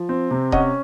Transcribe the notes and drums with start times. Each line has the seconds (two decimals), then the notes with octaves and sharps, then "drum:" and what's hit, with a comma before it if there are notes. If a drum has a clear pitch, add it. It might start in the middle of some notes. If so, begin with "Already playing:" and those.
Already playing: F3
0.09 C4
0.31 C3
0.52 C#4 D#5 F#5, drum: kick D#1